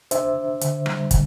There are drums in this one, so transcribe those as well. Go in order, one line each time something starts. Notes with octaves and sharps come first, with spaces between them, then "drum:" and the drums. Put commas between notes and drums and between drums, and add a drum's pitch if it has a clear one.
D4 C5 E5, drum: hi-hat
D4
D3, drum: hi-hat
G3, drum: rim click
D3, drum: kick, hi-hat